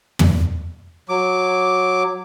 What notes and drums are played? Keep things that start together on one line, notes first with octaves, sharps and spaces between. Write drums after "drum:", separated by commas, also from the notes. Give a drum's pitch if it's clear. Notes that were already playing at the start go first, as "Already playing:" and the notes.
drum: tom
F#3 D6